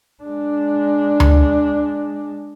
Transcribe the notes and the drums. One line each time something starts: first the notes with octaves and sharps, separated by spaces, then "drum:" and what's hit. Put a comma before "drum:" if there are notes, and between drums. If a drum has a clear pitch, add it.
G#3 D4
drum: tom D2